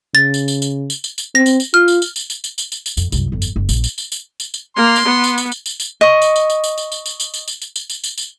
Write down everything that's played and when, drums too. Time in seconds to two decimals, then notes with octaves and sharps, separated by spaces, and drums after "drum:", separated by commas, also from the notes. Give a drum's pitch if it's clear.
0.15 C#3 A6
0.34 drum: tambourine
0.48 drum: tambourine
0.62 drum: tambourine
0.90 drum: tambourine
1.04 drum: tambourine
1.18 drum: tambourine
1.35 C4 A#6
1.46 drum: tambourine
1.60 drum: tambourine
1.74 F4 F6
1.88 drum: tambourine
2.02 drum: tambourine
2.16 drum: tambourine
2.30 drum: tambourine
2.44 drum: tambourine
2.58 drum: tambourine
2.72 drum: tambourine
2.86 drum: tambourine
2.97 F2, drum: tambourine
3.12 C2 F#2, drum: tambourine
3.32 G1 F2
3.42 drum: tambourine
3.56 F#1
3.69 A#1 A#2, drum: tambourine
3.84 drum: tambourine
3.98 drum: tambourine
4.12 drum: tambourine
4.40 drum: tambourine
4.54 drum: tambourine
4.76 A#3 C6
4.96 drum: tambourine
5.06 B3
5.24 drum: tambourine
5.38 drum: tambourine
5.52 drum: tambourine
5.66 drum: tambourine
5.80 drum: tambourine
6.01 D#5 C#6
6.22 drum: tambourine
6.36 drum: tambourine
6.50 drum: tambourine
6.64 drum: tambourine
6.78 drum: tambourine
6.92 drum: tambourine
7.06 drum: tambourine
7.20 drum: tambourine
7.34 drum: tambourine
7.48 drum: tambourine
7.62 drum: tambourine
7.76 drum: tambourine
7.90 drum: tambourine
8.04 drum: tambourine
8.18 drum: tambourine